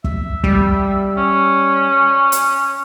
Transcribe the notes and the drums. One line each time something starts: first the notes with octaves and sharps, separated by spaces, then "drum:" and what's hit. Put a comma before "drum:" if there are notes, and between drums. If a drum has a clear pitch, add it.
E5, drum: kick
G3, drum: kick
C#4
drum: hi-hat